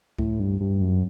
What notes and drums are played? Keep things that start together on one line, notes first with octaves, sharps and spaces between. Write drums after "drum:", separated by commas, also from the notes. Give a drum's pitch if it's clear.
A2, drum: kick C#2
G2
G2
F#2